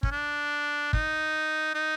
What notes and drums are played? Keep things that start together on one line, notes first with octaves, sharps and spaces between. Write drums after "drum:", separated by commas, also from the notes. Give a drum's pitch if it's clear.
C#4, drum: kick
D4
D#4, drum: kick
D#4